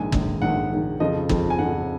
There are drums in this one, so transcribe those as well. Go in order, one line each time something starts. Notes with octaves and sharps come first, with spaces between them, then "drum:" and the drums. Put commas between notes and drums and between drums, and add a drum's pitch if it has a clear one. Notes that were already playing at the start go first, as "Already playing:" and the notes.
Already playing: A#1 G#2 D#3 G#5
A#1 G#2 D#3, drum: kick
A#1 G#2 D#3 F#5
A#1 G#2 D#3
F2 C#3 F3 D#5
F2 C#3 F3, drum: kick
G#5
F2 C#3 F3 F#5